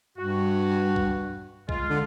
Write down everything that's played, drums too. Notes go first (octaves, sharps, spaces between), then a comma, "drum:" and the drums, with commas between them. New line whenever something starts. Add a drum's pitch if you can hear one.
G2 F#4
drum: kick
G#3 F4, drum: kick
D3